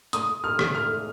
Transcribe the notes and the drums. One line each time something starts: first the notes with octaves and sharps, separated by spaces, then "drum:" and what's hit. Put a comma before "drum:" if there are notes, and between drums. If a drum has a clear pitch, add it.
D#6, drum: hi-hat
F6
drum: rim click
F6